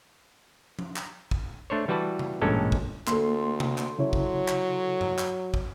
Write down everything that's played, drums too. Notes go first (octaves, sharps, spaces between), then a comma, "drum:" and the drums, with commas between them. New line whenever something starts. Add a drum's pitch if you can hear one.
drum: tom F3
drum: clap
drum: kick
A3 D4 C5 C#5
E3 G3 F#4 B4 A5
drum: tom C#3
A1 G2 A#2 G#3 C#4 A4
drum: kick
D2 A#3 A4 C6, drum: clap
drum: tom C3
drum: clap
C#3 F#3 E4 C#5
drum: kick
drum: clap
drum: tom G2
drum: clap
drum: kick